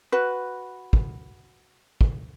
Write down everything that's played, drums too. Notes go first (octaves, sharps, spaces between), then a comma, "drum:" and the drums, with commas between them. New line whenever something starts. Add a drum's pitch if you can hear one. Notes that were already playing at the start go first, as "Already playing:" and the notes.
F#4 B4
drum: kick
drum: kick